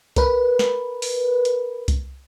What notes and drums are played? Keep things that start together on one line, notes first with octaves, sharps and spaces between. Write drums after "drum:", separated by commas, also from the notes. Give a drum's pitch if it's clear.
A#4 B4, drum: kick C2, hi-hat
drum: snare
drum: open hi-hat
drum: hi-hat
drum: kick C2, hi-hat